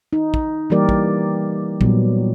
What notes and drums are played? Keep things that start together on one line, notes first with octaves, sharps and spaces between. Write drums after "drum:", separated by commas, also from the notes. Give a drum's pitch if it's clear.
D#4
drum: kick
E3 G3 A#3 G4 A#4 D5
drum: kick
A#2 F#3 G3 B3, drum: kick